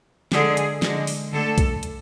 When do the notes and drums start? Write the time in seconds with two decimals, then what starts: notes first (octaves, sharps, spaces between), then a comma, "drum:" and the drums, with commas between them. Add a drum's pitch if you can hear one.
0.32 D3 G#3 G#4, drum: snare
0.57 drum: hi-hat
0.82 D3 G#3, drum: snare
1.07 drum: open hi-hat
1.32 D3 A3 A4
1.58 drum: kick, hi-hat
1.83 drum: hi-hat